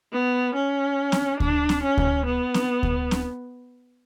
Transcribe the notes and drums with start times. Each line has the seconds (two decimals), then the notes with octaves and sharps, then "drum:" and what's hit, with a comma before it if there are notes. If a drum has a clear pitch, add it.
0.13 B3
0.55 C#4
1.12 drum: snare C4
1.40 D4, drum: kick D2
1.69 drum: snare C4
1.83 C#4
1.97 drum: kick D2
2.26 B3
2.54 drum: snare C4
2.83 drum: kick D2
3.11 drum: snare C4